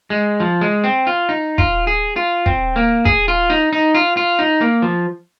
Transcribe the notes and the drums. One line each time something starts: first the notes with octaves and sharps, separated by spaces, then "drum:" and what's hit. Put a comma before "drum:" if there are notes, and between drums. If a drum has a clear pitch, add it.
G#3
F3
G#3
C4
F4
D#4
F4, drum: kick
G#4
F4
C4, drum: kick
A#3
G#4, drum: kick
F4
D#4
D#4
F4
F4
D#4
A#3
F3